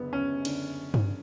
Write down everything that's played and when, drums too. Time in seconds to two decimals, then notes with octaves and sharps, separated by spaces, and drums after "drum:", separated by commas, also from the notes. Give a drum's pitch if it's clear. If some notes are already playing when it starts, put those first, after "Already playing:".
Already playing: F#1 F#2 D3 B3
0.13 C#4
0.45 D3, drum: cymbal
0.94 drum: tom G2